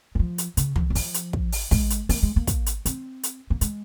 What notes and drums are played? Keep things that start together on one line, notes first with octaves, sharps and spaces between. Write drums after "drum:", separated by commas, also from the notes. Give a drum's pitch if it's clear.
F#3
F3
drum: hi-hat
C#3, drum: hi-hat
D#3, drum: tom
F#3
F3, drum: open hi-hat
drum: hi-hat
drum: kick
drum: open hi-hat
G#3, drum: kick, open hi-hat
drum: hi-hat
A#3, drum: open hi-hat
G#3
A#3
drum: kick, hi-hat
drum: hi-hat
C4, drum: hi-hat
drum: hi-hat
A#3
G#3, drum: hi-hat